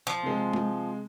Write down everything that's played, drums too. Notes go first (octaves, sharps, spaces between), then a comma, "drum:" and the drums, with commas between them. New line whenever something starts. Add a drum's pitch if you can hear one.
F3
C3 G#3
drum: tom G#3